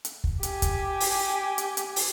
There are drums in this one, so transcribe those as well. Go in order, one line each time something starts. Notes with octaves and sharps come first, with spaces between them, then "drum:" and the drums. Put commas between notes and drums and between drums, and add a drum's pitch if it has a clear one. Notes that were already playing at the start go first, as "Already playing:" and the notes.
drum: hi-hat
drum: kick
G4 G#5, drum: hi-hat
drum: kick, hi-hat
drum: open hi-hat
drum: hi-hat
drum: hi-hat
drum: open hi-hat